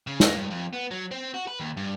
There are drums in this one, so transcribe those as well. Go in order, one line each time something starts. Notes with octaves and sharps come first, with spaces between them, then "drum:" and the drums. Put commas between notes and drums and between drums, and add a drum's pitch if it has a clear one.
C#3
A#3, drum: snare
G2
F2
B3
F#3
C4
F#4
B4
D#2
G2